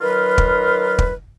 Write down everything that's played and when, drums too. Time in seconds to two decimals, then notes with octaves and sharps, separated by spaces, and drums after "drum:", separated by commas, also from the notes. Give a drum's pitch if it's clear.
0.01 D#3 F#3 F4 A#4 B4
0.38 drum: kick
0.99 drum: kick